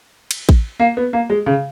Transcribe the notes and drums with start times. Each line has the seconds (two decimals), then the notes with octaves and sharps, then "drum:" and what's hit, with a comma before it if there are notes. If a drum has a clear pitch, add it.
0.31 drum: cymbal
0.49 drum: kick A1
0.80 A#3
0.97 B3
1.13 A#3
1.30 G#3
1.46 C#3